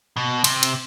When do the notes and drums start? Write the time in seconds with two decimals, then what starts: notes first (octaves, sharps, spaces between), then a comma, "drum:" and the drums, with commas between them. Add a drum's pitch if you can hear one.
0.16 B2
0.44 C3, drum: cymbal
0.63 drum: cymbal